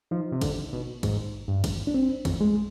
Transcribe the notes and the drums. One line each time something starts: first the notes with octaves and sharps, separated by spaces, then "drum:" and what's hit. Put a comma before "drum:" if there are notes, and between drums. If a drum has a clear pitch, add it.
F3 D#4
C3
D3, drum: kick G#1, cymbal
B2
G#2, drum: kick G#1, cymbal
G2
drum: kick G#1, cymbal
D4
C4
F2, drum: kick G#1, cymbal
G#3